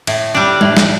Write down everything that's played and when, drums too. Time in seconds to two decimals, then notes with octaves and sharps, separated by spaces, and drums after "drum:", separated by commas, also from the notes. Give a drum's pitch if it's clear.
0.07 A2, drum: cymbal
0.34 G3 D4
0.61 A2, drum: tom G3
0.77 drum: snare